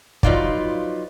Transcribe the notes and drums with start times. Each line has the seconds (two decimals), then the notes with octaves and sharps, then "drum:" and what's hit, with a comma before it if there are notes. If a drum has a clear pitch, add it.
0.23 F3 F#3 D#4 F4 B4 D5, drum: kick